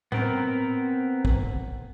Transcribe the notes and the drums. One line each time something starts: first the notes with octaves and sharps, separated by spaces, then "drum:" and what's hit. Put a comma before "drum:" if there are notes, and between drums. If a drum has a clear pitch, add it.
B3 C4 A#4, drum: tom A2
drum: kick